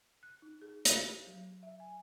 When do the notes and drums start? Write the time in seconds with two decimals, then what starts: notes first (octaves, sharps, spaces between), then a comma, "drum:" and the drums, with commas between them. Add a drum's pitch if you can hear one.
0.23 F#6
0.42 D#4
0.62 G#4
0.85 F5, drum: hi-hat
1.04 G4
1.27 F#3
1.63 E5
1.80 G#5